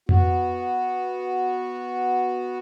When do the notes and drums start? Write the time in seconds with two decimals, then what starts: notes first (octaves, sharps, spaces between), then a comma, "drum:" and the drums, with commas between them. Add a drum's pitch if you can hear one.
0.09 B3 F#4, drum: tom F2